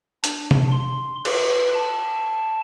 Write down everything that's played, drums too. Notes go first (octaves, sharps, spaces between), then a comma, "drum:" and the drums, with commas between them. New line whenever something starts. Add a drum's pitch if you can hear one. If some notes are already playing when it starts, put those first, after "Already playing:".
D4, drum: hi-hat
drum: tom C3
C6
B4, drum: cymbal
A5